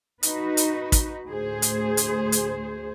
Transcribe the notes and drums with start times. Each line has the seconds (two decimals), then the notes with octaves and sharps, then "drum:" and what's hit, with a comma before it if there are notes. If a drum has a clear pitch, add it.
0.23 D#4 F#4 B4, drum: hi-hat
0.57 drum: hi-hat
0.92 drum: kick, hi-hat
1.27 D2 A2 G#4 C5
1.62 drum: hi-hat
1.97 drum: hi-hat
2.32 drum: hi-hat